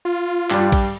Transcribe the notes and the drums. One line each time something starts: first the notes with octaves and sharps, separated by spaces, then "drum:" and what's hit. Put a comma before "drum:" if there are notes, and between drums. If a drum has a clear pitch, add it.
F4
G2 G3, drum: clap
drum: kick A#1, cymbal